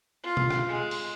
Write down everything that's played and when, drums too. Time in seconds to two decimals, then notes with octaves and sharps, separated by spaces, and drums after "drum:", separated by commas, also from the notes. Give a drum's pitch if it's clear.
0.23 F4
0.37 drum: tom
0.51 drum: rim click
0.68 G#3
0.91 drum: open hi-hat